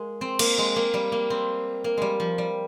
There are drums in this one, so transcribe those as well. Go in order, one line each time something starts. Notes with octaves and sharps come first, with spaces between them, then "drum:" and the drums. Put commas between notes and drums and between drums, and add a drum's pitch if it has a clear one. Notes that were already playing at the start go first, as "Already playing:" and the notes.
Already playing: G#3 A#3
C4
A#3, drum: cymbal
G#3
A#3
G3
A#3
C4
A#3
G3 G#3
F3
G3